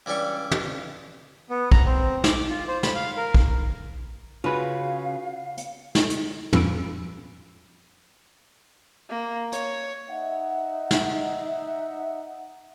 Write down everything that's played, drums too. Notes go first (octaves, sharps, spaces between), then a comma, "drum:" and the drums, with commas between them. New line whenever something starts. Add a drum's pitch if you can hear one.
C#2 E3 G3 D4 C#6
drum: tom
B3
A#5, drum: kick A#1
C4
D6, drum: snare
F4
C5
B5, drum: snare
F5
A#4
drum: kick A#1
C#3 F4 F#4 B4 F5
drum: hi-hat
drum: snare
drum: hi-hat
F2 F3 C#4 B5 E6 D7, drum: tom
A#3
C#5, drum: hi-hat
D#4 E5 F#5
drum: snare